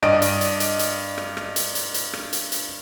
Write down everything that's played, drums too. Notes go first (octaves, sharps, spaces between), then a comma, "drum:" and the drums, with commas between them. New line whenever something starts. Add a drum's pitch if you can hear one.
G2 D5 D#5 D7, drum: rim click
drum: hi-hat
drum: hi-hat
drum: hi-hat
drum: hi-hat
drum: rim click
drum: rim click
drum: hi-hat
drum: hi-hat
drum: hi-hat
drum: rim click
drum: hi-hat
drum: hi-hat